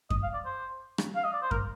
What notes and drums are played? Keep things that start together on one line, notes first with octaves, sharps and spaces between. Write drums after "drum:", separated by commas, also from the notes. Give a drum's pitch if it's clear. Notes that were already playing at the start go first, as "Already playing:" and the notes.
D#5, drum: kick F#2
F5
D5
C5
drum: rim click
F5
D#5
D5
C5
A#4, drum: kick F#2